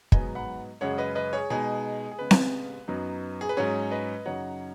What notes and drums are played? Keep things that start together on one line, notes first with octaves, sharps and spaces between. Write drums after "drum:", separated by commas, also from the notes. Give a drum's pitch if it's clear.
G#2 F#3 B3 D#4 D#5 G#5, drum: kick
F#5 B5
F#2 C#3 G#3 C#5 F#5
B4 D#5
B4 D#5
G#4 C#5
B2 G#3 D#4 G#4
G#4
C#3 G#3 B3 B4
drum: snare C4
F#2 F#3 B3 D#4
G#4
B4
G#2 F#3 C#4 G#4 C#5
B4 D#5
F#2 C#3 F#3 D#4 C#5 F#5